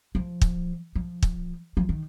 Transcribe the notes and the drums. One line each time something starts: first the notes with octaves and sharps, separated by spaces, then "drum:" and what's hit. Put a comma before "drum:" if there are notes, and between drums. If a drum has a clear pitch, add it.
F3
drum: kick
F3
drum: kick
F3
D#3